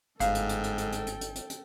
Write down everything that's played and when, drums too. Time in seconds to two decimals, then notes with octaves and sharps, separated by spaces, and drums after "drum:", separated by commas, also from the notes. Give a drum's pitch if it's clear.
0.20 G1 G#2 A4 F5 G5, drum: hi-hat
0.35 drum: hi-hat
0.49 drum: hi-hat
0.64 drum: hi-hat
0.78 drum: hi-hat
0.92 drum: hi-hat
1.07 drum: hi-hat
1.21 drum: hi-hat
1.35 drum: hi-hat
1.50 drum: hi-hat